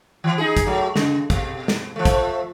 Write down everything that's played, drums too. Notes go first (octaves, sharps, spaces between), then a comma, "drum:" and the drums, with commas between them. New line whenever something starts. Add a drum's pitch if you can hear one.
E3
D#4 G#4
drum: kick, hi-hat
F#3 A3
C#3, drum: snare
B2, drum: kick, hi-hat
drum: snare
F3 A3
drum: kick, hi-hat